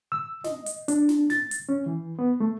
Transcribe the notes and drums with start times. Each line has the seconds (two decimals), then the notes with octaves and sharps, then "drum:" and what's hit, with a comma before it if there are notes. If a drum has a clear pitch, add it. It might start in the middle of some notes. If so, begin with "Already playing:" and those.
0.12 E6
0.44 D#5, drum: snare
0.66 drum: hi-hat
0.88 D4, drum: hi-hat
1.09 drum: snare
1.30 A6, drum: snare
1.51 drum: hi-hat
1.69 C#4
1.86 E3
2.19 B3
2.40 A3